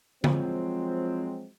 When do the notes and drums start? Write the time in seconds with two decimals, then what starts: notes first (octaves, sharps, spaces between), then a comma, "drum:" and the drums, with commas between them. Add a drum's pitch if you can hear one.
0.24 F3 F#3 G#3 C4, drum: tom D3